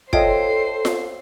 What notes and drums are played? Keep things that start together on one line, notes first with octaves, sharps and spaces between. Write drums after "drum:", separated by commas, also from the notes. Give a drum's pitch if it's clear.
F4 A4 C5 C#5 D#5 E5 G5 C7, drum: kick
drum: snare F4